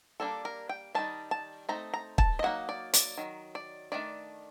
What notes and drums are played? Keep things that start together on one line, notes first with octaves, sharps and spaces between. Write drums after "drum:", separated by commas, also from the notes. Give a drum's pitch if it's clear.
G3 A#3 D4 A4
A#4
G5
D#3 G3 D#4 A5
A5
A3 C4 D#4 A#5
A#5
A5, drum: kick
D#5
F#3 A#3 D#4 F#5
D5
D5, drum: hi-hat
D#3 F#3
D5
D#3 A3 D4 D5